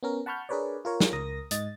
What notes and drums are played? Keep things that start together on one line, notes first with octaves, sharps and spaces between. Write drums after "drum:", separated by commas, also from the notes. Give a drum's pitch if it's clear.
B3 C#4 A#4
F#5 A5 B5 C#6 F6 G6
D4 G#4 A#4 B4 C#5 D5
F4 A#4 C#5
drum: snare
C#2 A#4 D#6 A#6
G#2 D#5 A6, drum: hi-hat